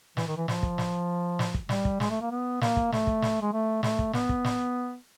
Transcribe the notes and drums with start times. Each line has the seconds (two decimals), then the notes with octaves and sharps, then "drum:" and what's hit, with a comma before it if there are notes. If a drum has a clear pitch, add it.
0.17 E3, drum: snare
0.27 D#3
0.37 E3
0.48 F3, drum: snare
0.63 drum: kick
0.78 drum: snare
1.39 drum: snare
1.54 drum: kick
1.69 G3, drum: snare
1.85 drum: kick
2.00 G#3, drum: snare
2.10 A3
2.21 A#3
2.31 B3
2.61 A#3, drum: snare
2.77 drum: kick
2.92 A3, drum: snare
3.07 drum: kick
3.22 drum: snare
3.41 G#3
3.53 A3
3.83 A3, drum: snare
3.99 drum: kick
4.13 B3, drum: snare
4.29 drum: kick
4.45 drum: snare